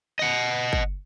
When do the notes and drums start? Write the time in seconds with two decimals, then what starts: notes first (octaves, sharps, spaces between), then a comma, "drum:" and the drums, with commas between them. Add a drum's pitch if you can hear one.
0.19 D#5 F#5
0.73 drum: kick G1